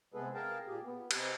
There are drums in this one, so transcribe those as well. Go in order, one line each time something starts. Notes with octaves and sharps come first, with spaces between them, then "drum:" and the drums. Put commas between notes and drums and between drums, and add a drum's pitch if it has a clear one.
C3 G#3 B3 G#4 A4 B4
G#4 A#4 F5 G5 A5 A#5
A#2 G4 G#4
B3
C3 G4 D#5 G#5, drum: cymbal